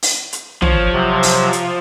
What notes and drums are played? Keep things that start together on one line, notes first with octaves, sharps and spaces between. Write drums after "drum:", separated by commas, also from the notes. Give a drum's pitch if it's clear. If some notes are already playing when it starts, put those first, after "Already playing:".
drum: open hi-hat
drum: hi-hat
F3 C#5, drum: tom
C3 F#3
drum: open hi-hat
drum: hi-hat